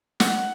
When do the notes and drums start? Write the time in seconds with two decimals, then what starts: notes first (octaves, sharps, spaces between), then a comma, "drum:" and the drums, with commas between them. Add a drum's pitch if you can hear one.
0.20 F#5, drum: snare